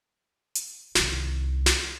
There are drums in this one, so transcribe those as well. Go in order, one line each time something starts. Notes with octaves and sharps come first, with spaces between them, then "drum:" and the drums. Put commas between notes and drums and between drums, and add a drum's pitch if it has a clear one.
drum: hi-hat
C2 D#3, drum: snare
drum: snare